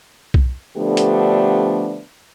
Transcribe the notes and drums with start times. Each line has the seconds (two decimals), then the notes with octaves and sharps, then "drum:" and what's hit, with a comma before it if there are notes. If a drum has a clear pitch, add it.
0.34 drum: kick B1
0.77 D3 F3 A3 B3 D4 G4
0.97 drum: hi-hat